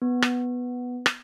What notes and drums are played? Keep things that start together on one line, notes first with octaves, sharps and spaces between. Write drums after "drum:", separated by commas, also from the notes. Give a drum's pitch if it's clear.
B3
drum: rim click
drum: rim click